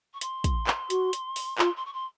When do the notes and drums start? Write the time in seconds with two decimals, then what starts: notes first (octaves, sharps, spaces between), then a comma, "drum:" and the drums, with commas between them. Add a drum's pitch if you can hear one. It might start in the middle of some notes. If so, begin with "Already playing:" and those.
0.14 C#6
0.21 C6, drum: hi-hat
0.44 drum: kick, hi-hat
0.67 drum: clap
0.90 F#4, drum: hi-hat
1.13 drum: hi-hat
1.36 drum: open hi-hat
1.58 F4 C6, drum: clap
1.76 C6
1.86 C#6
1.93 C6